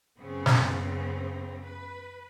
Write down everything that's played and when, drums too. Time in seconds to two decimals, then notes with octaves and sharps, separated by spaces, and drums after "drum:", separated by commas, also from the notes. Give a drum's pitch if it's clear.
0.18 F#2 C#3 B3 C4
0.46 drum: snare
1.62 B4